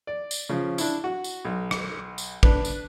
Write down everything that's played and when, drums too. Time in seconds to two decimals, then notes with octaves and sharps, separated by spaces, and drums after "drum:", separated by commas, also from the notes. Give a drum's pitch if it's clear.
0.07 D5
0.31 drum: tambourine
0.49 C#3 F3
0.78 D4 E4, drum: tambourine
1.04 F#4
1.24 drum: tambourine
1.45 B1
1.71 drum: rim click
2.18 drum: tambourine
2.43 D4 B4, drum: kick
2.65 drum: tambourine